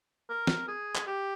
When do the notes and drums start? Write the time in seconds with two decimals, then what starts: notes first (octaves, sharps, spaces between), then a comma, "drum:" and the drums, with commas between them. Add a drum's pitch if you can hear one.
0.30 A#4
0.47 drum: snare
0.68 G#4
0.95 drum: clap
1.07 G4